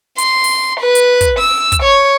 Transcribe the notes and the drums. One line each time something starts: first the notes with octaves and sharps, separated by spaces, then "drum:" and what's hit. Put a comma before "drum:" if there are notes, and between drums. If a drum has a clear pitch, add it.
C6, drum: hi-hat
drum: open hi-hat
B4
drum: hi-hat
drum: kick, hi-hat
E6
drum: kick, hi-hat
C#5